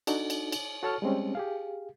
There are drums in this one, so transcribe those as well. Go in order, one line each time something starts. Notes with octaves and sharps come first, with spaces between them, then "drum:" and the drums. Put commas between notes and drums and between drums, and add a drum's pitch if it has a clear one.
D4 D#4 F#4 A4, drum: cymbal
drum: cymbal
drum: cymbal
F#4 A4 C#5 A5 C#6 F6
G3 G#3 C4 C#4
G4 G#4 F5